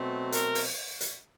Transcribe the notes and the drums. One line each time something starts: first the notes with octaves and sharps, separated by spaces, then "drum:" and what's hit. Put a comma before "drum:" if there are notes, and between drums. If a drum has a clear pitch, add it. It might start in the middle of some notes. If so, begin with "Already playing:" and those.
Already playing: B2 F#3 A3 C4
A#4, drum: hi-hat
drum: open hi-hat
drum: hi-hat